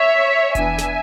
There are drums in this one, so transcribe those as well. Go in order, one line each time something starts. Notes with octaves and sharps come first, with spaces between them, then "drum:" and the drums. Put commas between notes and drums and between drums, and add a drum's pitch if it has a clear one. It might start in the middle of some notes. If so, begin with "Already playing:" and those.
Already playing: C#5 E5
E3 B3 D4 E5 G#5, drum: kick F1, hi-hat
drum: snare